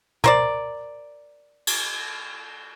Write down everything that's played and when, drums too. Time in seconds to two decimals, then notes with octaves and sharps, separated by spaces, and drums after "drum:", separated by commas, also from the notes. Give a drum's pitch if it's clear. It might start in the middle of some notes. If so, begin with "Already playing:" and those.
0.24 A#4 C5 D5, drum: tom
1.67 drum: cymbal